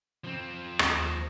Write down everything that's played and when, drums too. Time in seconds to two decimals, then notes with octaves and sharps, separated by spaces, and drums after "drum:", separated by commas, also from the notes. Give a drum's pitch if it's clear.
0.24 F3 C4
0.79 D#2 A#6, drum: rim click